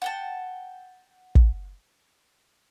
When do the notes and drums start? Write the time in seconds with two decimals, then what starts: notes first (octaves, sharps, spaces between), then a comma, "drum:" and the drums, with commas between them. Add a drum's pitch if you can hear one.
0.02 F#5 G5 A5
1.35 drum: kick